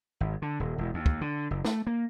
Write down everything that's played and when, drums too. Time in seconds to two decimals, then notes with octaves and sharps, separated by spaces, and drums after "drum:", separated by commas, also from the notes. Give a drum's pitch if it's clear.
0.20 G#1
0.42 D3
0.60 D#1
0.78 E1
0.94 D#2
1.06 drum: kick
1.21 D3
1.51 F#1
1.65 A3, drum: snare
1.87 A#3